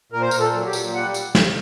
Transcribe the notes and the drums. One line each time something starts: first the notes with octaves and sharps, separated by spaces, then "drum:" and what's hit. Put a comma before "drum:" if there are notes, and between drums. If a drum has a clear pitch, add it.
A#2 A#4
C5
A#2 A#4, drum: tambourine
A4
F#3
G4
A#2, drum: tambourine
G3 F#5
drum: tambourine
drum: snare